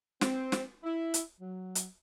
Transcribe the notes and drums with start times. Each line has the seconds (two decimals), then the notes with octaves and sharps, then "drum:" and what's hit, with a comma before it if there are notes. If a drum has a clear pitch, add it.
0.21 C4, drum: snare
0.52 drum: snare
0.84 E4
1.14 drum: hi-hat
1.40 F#3
1.75 drum: hi-hat